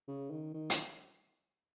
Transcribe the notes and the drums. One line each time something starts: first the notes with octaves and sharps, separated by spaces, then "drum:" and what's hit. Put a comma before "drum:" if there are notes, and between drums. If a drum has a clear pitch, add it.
C#3
D#3
D#3
drum: hi-hat